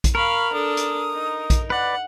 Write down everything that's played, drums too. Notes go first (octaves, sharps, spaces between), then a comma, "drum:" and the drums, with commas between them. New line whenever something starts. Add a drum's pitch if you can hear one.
drum: kick A#1, hi-hat
A#4 F5 B5 C#6
D4 A4 D#6
drum: hi-hat
D#4
drum: kick A#1, hi-hat
B4 D5 F#5